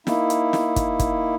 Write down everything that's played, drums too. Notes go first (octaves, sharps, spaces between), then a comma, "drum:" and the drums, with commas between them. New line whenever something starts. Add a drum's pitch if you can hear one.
A#3 D#4 E4, drum: snare
drum: hi-hat
drum: snare
drum: kick, hi-hat
drum: kick, hi-hat